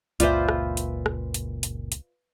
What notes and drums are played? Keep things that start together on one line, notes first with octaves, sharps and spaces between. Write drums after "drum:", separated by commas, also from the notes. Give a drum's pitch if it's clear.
F#1 C#2 A#2 F4 B4 C5 D5 E5, drum: hi-hat
drum: rim click
drum: hi-hat
drum: rim click
drum: hi-hat
drum: hi-hat
drum: hi-hat